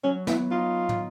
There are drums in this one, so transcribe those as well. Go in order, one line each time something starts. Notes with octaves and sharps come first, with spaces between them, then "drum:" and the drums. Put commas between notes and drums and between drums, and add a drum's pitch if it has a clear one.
F#3 C#4
B3 E4, drum: snare
D#4 F4
drum: tom